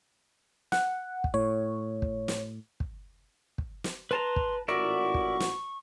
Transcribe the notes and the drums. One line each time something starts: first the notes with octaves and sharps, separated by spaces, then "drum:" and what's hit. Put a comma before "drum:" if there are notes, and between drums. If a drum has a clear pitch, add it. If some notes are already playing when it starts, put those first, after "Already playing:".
F#5, drum: snare
drum: kick
A2 C#5
drum: kick
drum: snare
drum: kick
drum: kick
drum: snare
B4 A5 A#5 C6
drum: kick
A1 A#2 E4 F#4 A#4 D5 C#6
drum: kick
drum: snare